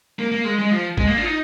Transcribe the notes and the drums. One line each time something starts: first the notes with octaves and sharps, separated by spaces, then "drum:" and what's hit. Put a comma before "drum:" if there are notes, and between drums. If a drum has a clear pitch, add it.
A#3
A#3
G#3
G#3
F3
G#3, drum: kick G#1
A#3
D4
F4
D#4